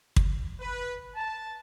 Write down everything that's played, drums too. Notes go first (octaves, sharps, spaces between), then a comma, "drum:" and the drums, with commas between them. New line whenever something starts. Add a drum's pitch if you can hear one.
drum: kick
B4
A5